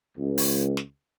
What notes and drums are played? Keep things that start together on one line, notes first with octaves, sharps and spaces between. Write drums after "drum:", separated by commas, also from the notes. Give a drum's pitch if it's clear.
C#2
drum: open hi-hat
drum: snare